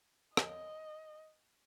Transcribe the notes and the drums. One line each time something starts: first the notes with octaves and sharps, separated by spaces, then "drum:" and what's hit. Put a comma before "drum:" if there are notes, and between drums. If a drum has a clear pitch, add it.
D#5, drum: rim click